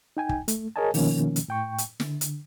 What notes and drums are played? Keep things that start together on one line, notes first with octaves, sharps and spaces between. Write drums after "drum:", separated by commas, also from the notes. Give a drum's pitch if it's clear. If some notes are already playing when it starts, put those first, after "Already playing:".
D#4 G5 G#5
drum: kick
A3, drum: hi-hat
G#4 A#4 C#5 D#5 G#5 A5
B2 D#3 F3 A#3 C#4, drum: open hi-hat
drum: hi-hat
A2 G5 C#6
drum: hi-hat
D3, drum: snare
drum: hi-hat